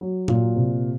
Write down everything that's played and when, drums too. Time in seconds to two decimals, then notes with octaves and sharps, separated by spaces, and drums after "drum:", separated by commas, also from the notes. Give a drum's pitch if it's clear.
0.01 F#3
0.28 A#2, drum: tom A#2
0.56 C3